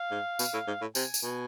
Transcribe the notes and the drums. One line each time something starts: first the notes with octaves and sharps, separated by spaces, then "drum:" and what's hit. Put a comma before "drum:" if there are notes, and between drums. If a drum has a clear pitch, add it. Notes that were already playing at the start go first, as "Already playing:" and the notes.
Already playing: F5
G#2
B2, drum: tambourine
A2
G#2
A2
C3 G#5, drum: tambourine
drum: tambourine
B2 G#5